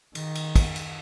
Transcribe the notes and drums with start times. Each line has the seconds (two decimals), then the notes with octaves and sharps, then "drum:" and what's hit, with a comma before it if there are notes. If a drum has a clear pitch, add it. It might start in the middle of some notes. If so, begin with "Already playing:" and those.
0.15 D#3, drum: cymbal
0.35 drum: cymbal
0.56 drum: kick, cymbal
0.76 drum: cymbal